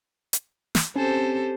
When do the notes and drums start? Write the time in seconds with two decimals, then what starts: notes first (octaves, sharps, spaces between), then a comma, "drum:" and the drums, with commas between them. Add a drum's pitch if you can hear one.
0.33 drum: hi-hat
0.75 drum: snare
0.96 C4 C#4 G4 A4 C5 G#5